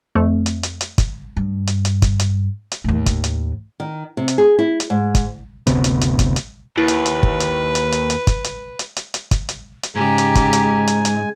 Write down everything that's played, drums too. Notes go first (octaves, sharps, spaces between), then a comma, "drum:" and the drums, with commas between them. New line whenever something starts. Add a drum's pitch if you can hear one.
F2 A3
drum: hi-hat
drum: hi-hat
drum: hi-hat
drum: kick, hi-hat
G2
drum: hi-hat
drum: hi-hat
drum: kick, hi-hat
drum: hi-hat
drum: hi-hat
D#2 A2
drum: kick, hi-hat
drum: hi-hat
D#3
C3
drum: hi-hat
G#4
E4
drum: hi-hat
G#2
drum: kick, hi-hat
F#1 D2 C3 B3, drum: hi-hat
drum: hi-hat
drum: hi-hat
drum: kick, hi-hat
drum: hi-hat
D#2 E4 B4
drum: hi-hat
drum: hi-hat
drum: kick
drum: hi-hat
drum: hi-hat
drum: hi-hat
drum: hi-hat
drum: kick, hi-hat
drum: hi-hat
drum: hi-hat
drum: hi-hat
drum: hi-hat
drum: kick, hi-hat
drum: hi-hat
drum: hi-hat
G#2 C#3 G#3 G4 G#5 A#5
drum: hi-hat
drum: kick, hi-hat
drum: hi-hat
drum: hi-hat
drum: hi-hat